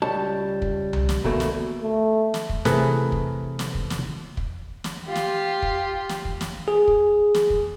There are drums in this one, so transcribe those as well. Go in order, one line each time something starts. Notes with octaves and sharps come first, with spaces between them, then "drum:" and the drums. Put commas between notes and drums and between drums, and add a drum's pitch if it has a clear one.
C#2 G3 C#5 A5
drum: kick
drum: tom C2
drum: snare
D2 B2 A3 A#3, drum: kick
drum: snare
A3
drum: snare
drum: kick
C3 E3 A3 G#4 A#4 B4, drum: snare
drum: kick
drum: snare
drum: kick
drum: snare
drum: kick
drum: snare
F4 G4
drum: snare
drum: kick
drum: snare
drum: kick
drum: snare
G#4
drum: kick
drum: snare
drum: kick